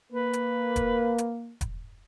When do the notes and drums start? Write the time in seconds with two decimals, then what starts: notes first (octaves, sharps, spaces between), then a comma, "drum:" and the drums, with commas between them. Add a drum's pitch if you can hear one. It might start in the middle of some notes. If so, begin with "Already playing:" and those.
0.12 A#3 B4
0.33 drum: hi-hat
0.76 drum: kick E1, hi-hat
1.18 drum: hi-hat
1.61 drum: kick E1, hi-hat